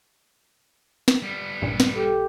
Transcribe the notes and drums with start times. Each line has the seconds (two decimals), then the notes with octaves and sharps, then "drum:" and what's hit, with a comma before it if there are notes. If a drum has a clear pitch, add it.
1.08 drum: snare
1.22 G3 B3
1.62 A1 G2 A#2
1.80 drum: snare
1.95 G4 A4